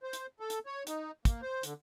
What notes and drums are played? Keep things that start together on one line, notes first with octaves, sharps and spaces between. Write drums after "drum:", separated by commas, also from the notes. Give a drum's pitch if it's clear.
C5
drum: hi-hat
A4
drum: hi-hat
C#5
D#4, drum: hi-hat
A#3, drum: kick, hi-hat
C5
D3, drum: hi-hat